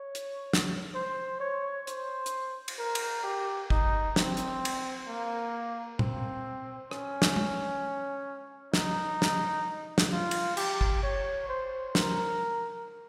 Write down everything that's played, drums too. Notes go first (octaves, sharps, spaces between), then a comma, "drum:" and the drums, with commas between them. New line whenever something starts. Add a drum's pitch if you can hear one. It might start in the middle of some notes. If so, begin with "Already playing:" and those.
Already playing: C#5
drum: hi-hat
drum: snare
C5
C#5
C5, drum: hi-hat
drum: hi-hat
drum: cymbal
A#4
drum: cymbal
G4
D#4, drum: kick
C4, drum: snare
drum: hi-hat
drum: cymbal
A#3
C4, drum: tom A#2
C#4, drum: rim click
drum: snare
drum: tom
D#4, drum: snare
drum: snare
drum: snare
F4
drum: cymbal
G4, drum: cymbal
drum: kick
C#5
C5
A#4, drum: snare